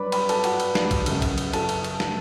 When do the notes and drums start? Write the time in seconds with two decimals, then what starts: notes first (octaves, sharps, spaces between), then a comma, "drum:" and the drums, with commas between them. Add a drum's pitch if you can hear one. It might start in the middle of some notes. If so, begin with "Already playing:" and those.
Already playing: G2 F#3 B4 D5 B5 D6
0.12 B4 B5, drum: cymbal
0.29 A4 A5, drum: cymbal
0.44 F#4 F#5, drum: cymbal
0.60 drum: cymbal
0.75 drum: snare
0.91 drum: kick A#1, cymbal
1.06 F#1 F#2 C#3, drum: cymbal
1.22 drum: kick A#1, cymbal
1.38 drum: cymbal
1.53 A4 A5, drum: cymbal
1.69 drum: cymbal
1.84 drum: cymbal
2.00 drum: snare